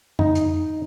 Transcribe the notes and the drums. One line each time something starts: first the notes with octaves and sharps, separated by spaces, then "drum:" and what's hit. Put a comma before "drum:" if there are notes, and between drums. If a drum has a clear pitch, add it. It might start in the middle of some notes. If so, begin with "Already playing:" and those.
D#4, drum: tom F2
drum: hi-hat